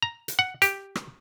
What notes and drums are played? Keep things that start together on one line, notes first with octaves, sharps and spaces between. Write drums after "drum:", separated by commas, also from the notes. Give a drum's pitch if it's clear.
A#5
drum: hi-hat
F#5
G4, drum: hi-hat
drum: rim click